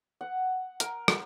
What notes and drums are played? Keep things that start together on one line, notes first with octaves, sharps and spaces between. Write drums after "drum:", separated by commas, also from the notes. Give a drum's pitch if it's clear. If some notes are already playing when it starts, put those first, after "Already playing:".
F#5
A#4, drum: hi-hat
drum: rim click